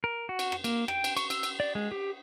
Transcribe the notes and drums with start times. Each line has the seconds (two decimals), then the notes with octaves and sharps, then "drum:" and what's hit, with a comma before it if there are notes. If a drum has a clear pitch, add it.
0.04 A#4
0.29 F#4
0.39 drum: cymbal
0.52 drum: rim click
0.64 A#3, drum: cymbal
0.88 G5, drum: rim click
1.04 drum: cymbal
1.17 C#6, drum: cymbal
1.30 E6, drum: cymbal
1.43 drum: cymbal
1.60 D5
1.75 G#3
1.91 G4